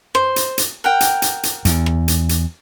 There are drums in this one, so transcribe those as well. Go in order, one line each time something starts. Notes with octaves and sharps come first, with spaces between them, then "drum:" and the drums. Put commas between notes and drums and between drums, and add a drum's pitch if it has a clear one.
C5, drum: rim click
drum: hi-hat
drum: hi-hat
A#4 F#5 G5
drum: hi-hat
drum: hi-hat
drum: hi-hat
E2, drum: hi-hat
drum: rim click
drum: hi-hat
drum: hi-hat